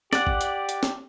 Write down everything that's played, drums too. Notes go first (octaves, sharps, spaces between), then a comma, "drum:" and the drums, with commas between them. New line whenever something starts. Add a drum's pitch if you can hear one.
G4 D5 F#5, drum: snare
drum: kick
drum: hi-hat
drum: hi-hat
drum: snare